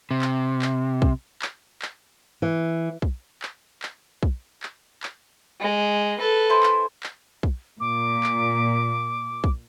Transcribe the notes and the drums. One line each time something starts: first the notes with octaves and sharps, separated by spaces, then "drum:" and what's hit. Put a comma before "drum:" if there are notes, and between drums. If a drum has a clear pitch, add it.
C3
drum: clap
drum: clap
drum: kick
drum: clap
drum: clap
E3
drum: kick
drum: clap
drum: clap
drum: kick
drum: clap
drum: clap
G#3
A4 B4
E4 C5 G#5
drum: clap
drum: clap
drum: kick
A#2 D6
drum: clap
drum: kick